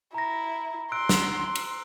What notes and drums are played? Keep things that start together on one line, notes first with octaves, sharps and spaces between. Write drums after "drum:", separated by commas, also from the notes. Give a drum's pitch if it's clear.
E4 A#5 A#6
C6 E6 F#6 D7
drum: snare
drum: cymbal